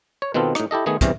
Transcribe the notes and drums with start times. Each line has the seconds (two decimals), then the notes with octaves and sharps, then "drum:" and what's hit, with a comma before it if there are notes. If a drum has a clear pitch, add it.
0.22 C#5
0.34 B2 D#3 B3 C4 F4 A4
0.55 A2 D#4, drum: rim click
0.71 E4 G4 A4 D#5
0.86 D#3 A3 B3 G#4
1.01 E2 G2 C3 E3, drum: kick, hi-hat